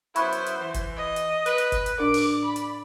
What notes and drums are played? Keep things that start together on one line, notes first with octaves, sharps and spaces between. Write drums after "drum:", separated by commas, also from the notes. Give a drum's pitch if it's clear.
F#2 B3 E4 C5 B5 C#6 F#6, drum: hi-hat
drum: hi-hat
drum: hi-hat
E3
drum: kick F#1, hi-hat
D#5
drum: hi-hat
B4, drum: hi-hat
drum: hi-hat
drum: kick F#1, hi-hat
drum: hi-hat
A2 D4 A#4 D5 D6
drum: open hi-hat
B5
drum: hi-hat